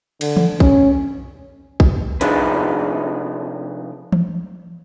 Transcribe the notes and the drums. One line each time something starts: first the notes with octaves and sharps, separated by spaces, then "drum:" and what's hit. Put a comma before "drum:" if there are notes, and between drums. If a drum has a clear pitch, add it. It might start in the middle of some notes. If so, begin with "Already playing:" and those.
D3, drum: cymbal
drum: tom E3
C#4, drum: kick
drum: kick
C3 F3 D4 D#4 G#4 B4, drum: hi-hat
drum: tom E3